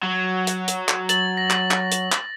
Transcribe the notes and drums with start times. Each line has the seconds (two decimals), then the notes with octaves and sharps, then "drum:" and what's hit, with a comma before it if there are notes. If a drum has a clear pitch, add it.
0.03 F#3
0.47 drum: hi-hat
0.68 drum: hi-hat
0.88 drum: clap
1.09 A6 F#7, drum: hi-hat
1.37 A#6
1.50 drum: clap
1.71 drum: clap
1.92 drum: hi-hat
2.12 drum: clap